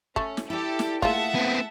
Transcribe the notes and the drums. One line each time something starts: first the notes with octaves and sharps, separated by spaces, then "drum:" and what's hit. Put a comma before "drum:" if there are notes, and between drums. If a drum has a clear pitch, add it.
A3 C#4, drum: kick
drum: snare
E4 G4 A4 D5
drum: snare
A3 A#3 F4 G#4 E5 F#5 A5, drum: kick
B3 C4